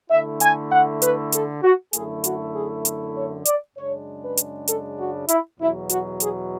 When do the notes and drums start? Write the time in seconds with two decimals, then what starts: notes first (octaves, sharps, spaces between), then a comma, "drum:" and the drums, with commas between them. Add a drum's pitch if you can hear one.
0.10 D3 A3 E4 E5
0.40 G#5, drum: hi-hat
0.71 F#5
1.02 B4, drum: hi-hat
1.32 A4, drum: hi-hat
1.63 F#4
1.93 F#2 D3 A3 E4 G#4, drum: hi-hat
2.24 F#4, drum: hi-hat
2.54 G#4
2.85 drum: hi-hat
3.15 C#5
3.45 D5, drum: hi-hat
3.76 F#2 C#3 G#3 D4 C#5
4.22 B4
4.37 drum: hi-hat
4.68 A4, drum: hi-hat
4.98 F#4
5.28 E4, drum: hi-hat
5.59 E2 B2 F#3 E4
5.89 F#4, drum: hi-hat
6.20 G#4, drum: hi-hat